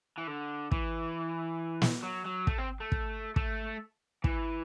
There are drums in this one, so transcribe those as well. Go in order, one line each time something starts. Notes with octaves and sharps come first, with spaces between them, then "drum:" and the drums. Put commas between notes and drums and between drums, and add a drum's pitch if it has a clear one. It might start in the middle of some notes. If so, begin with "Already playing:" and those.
E3
D3
E3, drum: kick
drum: snare
F#3
F#3
A3, drum: kick
C4
A3
drum: kick
A3, drum: kick
E3, drum: kick